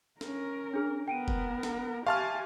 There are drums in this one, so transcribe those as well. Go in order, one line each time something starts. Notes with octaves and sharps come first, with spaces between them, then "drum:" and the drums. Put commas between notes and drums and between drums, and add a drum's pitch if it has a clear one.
C#4 A#4, drum: snare
D4 G#4 F6
B3 A#4 G5 D7 D#7
drum: kick
drum: snare
G4 E5 F5 G#5 A5 C6 C#6 F6